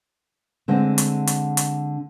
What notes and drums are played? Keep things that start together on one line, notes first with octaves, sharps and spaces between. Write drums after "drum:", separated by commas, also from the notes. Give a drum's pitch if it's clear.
D3 G#3 C4
drum: hi-hat
drum: hi-hat
drum: hi-hat